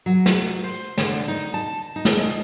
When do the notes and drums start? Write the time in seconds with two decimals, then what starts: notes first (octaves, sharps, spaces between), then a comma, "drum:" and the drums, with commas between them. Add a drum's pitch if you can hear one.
0.06 F#3
0.26 drum: snare
0.63 C5
0.97 D3, drum: snare
1.28 D#4
1.54 A5
1.96 D#4
2.05 drum: snare
2.17 G#3